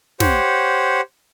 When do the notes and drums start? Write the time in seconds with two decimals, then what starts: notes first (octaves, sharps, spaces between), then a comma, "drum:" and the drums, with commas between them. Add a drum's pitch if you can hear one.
0.20 G4 C5 C#5 F#5, drum: snare